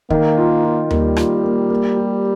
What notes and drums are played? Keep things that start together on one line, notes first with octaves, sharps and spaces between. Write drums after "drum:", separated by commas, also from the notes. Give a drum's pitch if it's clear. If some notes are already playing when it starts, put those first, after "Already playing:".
D#3 A#3, drum: kick
F4
F4
G3 A#3, drum: tom D#2
F4, drum: rim click
A#3
A#3
G4